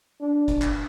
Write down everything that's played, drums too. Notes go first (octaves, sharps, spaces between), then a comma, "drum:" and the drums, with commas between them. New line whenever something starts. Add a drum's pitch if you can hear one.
D4
drum: kick F#1, hi-hat
drum: clap